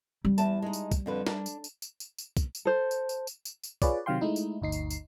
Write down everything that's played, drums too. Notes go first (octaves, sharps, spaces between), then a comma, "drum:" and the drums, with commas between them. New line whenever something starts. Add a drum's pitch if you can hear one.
G3
E2 A5, drum: tambourine
G#3 D#4
drum: tambourine
drum: kick, tambourine
F2 D3 B4
D4, drum: snare
drum: tambourine
drum: tambourine
drum: tambourine
drum: tambourine
drum: tambourine
drum: kick, tambourine
drum: tambourine
A4 C5
drum: tambourine
drum: tambourine
drum: tambourine
drum: tambourine
drum: tambourine
F4 G#4 B4 C#5 D5, drum: kick, tambourine
C3 D#3 F#3 F5 G5 C6
G#3 A3 D#4 E4
drum: tambourine
G1 D2 D#4 C7
drum: tambourine
drum: tambourine